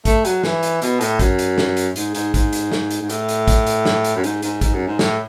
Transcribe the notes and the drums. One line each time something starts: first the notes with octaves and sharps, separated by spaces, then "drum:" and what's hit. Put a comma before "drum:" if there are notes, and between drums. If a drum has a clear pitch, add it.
A3, drum: kick, hi-hat
F#3, drum: hi-hat
E3, drum: snare
drum: hi-hat
B2, drum: hi-hat
A2, drum: hi-hat
F#2, drum: kick, hi-hat
drum: hi-hat
drum: snare
drum: hi-hat
G#2, drum: hi-hat
G#2, drum: hi-hat
G#2, drum: kick, hi-hat
drum: hi-hat
drum: snare
drum: hi-hat
G#2
A2, drum: hi-hat
drum: hi-hat
drum: kick, hi-hat
drum: hi-hat
drum: snare
drum: hi-hat
F#2
G#2, drum: hi-hat
G#2, drum: hi-hat
G#2, drum: kick, hi-hat
F#2
G#2
A2, drum: snare